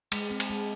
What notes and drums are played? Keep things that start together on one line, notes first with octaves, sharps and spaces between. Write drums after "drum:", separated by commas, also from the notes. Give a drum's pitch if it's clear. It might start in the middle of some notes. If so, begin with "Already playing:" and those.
G#3, drum: cymbal
C4
drum: cymbal
G#3